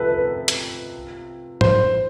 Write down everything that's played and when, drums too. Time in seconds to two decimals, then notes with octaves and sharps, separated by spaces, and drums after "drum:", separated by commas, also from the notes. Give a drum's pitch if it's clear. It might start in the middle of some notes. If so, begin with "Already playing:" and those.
Already playing: C3 F3 A4 B4
0.10 B4
0.48 drum: hi-hat
1.61 C5, drum: tom G#2